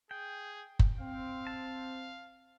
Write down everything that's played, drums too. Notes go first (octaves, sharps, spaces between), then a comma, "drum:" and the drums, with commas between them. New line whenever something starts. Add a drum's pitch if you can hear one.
G#4 G5
drum: kick F#1
C4 F5
A5